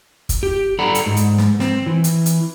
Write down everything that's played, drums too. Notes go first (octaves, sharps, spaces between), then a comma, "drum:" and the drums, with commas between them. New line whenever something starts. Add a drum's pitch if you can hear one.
drum: kick, hi-hat
G4
A4 D5 F#5 A#5 B5
drum: hi-hat
G#2
drum: hi-hat
drum: snare
C4, drum: snare
E3
drum: hi-hat
drum: hi-hat